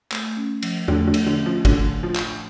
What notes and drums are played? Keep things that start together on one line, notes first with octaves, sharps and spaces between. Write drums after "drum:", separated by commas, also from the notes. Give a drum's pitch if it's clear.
A3, drum: clap
C#4
F3, drum: cymbal
D3 A3, drum: tom E2
D3
A3, drum: cymbal
D3
C#4
F3
A2 D3, drum: kick, cymbal
D4
F3
A2, drum: clap